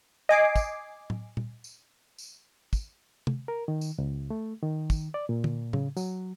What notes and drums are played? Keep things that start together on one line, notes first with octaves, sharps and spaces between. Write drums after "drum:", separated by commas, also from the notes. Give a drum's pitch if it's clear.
D#5 G#5 D6 C7
drum: kick, tambourine
drum: tom A2
drum: tom
drum: tambourine
drum: tambourine
drum: kick, tambourine
drum: tom C3
A#4
D#3
drum: tambourine
C#2
A3
D#3
drum: kick, tambourine
D5
A#2
drum: tom
C#3, drum: tom A2
F#3, drum: tambourine